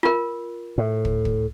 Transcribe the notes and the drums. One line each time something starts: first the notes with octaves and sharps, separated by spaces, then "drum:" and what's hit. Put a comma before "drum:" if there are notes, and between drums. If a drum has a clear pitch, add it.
F4 A#4
A2
drum: kick
drum: kick